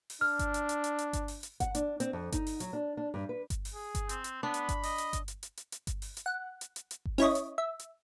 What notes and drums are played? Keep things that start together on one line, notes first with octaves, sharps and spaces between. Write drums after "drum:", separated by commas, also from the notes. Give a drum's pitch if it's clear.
drum: open hi-hat
D4 F6
drum: kick G1, hi-hat
drum: hi-hat
drum: hi-hat
drum: hi-hat
drum: hi-hat
drum: kick G1, hi-hat
drum: open hi-hat
drum: hi-hat
F#5, drum: kick G1, hi-hat
D4, drum: hi-hat
C4, drum: hi-hat
F2
D#4, drum: kick G1, hi-hat
drum: open hi-hat
F#3, drum: hi-hat
D4
D4
G2
B4
drum: kick G1, hi-hat
drum: open hi-hat
G#4
drum: kick G1, hi-hat
C4, drum: hi-hat
drum: hi-hat
B3 D4 B5
drum: hi-hat
drum: kick G1, hi-hat
D#5, drum: open hi-hat
drum: hi-hat
drum: kick G1, hi-hat
drum: hi-hat
drum: hi-hat
drum: hi-hat
drum: hi-hat
drum: kick G1, hi-hat
drum: open hi-hat
drum: hi-hat
F#5
drum: hi-hat
drum: hi-hat
drum: hi-hat
drum: kick G1
C#4 E4 C#5 D#5, drum: open hi-hat
drum: hi-hat
E5
drum: hi-hat